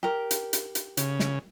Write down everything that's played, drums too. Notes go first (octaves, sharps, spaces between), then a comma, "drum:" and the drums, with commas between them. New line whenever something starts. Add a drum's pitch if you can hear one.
G4 A#4
drum: hi-hat
drum: hi-hat
drum: hi-hat
C#3, drum: hi-hat
drum: snare